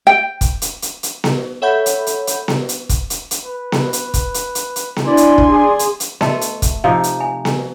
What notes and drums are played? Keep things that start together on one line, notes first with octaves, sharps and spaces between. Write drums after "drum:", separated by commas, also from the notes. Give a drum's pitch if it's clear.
G5
drum: kick, hi-hat
drum: hi-hat
drum: hi-hat
drum: hi-hat
drum: snare B3
A4 C#5 E5 F#5 B5 G6
drum: hi-hat
drum: hi-hat
drum: hi-hat
drum: snare B3
drum: hi-hat
drum: kick, hi-hat
drum: hi-hat
drum: hi-hat
B4
drum: snare B3
drum: hi-hat
drum: kick, hi-hat
drum: hi-hat
drum: hi-hat
drum: hi-hat
drum: snare B3
D4 E4 D5 G#5 C6
drum: hi-hat
drum: kick
G#4 D5
drum: hi-hat
drum: hi-hat
A3 F#4 D#5 A5, drum: snare B3
drum: hi-hat
drum: kick, hi-hat
C3 F3 D#4 F5
drum: hi-hat
G#5
drum: snare B3